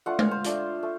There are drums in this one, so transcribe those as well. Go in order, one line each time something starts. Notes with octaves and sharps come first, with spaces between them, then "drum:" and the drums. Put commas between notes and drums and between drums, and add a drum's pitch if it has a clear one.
A3 D4 F4 F#5
F5, drum: tom G#3
C5
A3 D4 F4, drum: hi-hat
A3